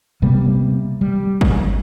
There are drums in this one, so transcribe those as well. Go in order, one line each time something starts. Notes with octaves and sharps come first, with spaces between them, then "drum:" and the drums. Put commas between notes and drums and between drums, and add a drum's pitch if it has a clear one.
C3 G3 A#3 B3
G3
drum: kick G#1